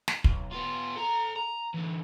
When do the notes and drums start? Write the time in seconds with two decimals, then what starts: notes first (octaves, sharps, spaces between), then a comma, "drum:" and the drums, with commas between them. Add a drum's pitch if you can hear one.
0.08 drum: snare
0.24 B1, drum: kick
0.51 B3 F4
0.96 A4 A#5
1.36 A#5
1.74 D3 E3